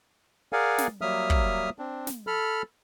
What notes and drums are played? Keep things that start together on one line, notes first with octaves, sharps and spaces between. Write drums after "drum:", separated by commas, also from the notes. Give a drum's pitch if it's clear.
G#4 A#4 D5 F5 F#5 G#5
drum: snare
F#3 G3 A#3 E5 D#6 F6
drum: kick
C4 D4
drum: snare
A4 B5 F6